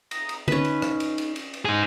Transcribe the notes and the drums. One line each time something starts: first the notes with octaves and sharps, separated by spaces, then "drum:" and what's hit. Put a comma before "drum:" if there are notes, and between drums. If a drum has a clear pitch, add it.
A#5 D#6 A#6, drum: cymbal
drum: cymbal
C#4 D#4 B4, drum: tom D3
drum: cymbal
drum: rim click
drum: cymbal
drum: cymbal
drum: cymbal
drum: cymbal
D#4 G#4